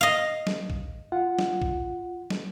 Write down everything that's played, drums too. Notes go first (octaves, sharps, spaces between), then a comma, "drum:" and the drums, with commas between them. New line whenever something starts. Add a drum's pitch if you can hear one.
D#5 F5
drum: snare
drum: kick
F4 F#5
drum: snare
drum: kick
drum: snare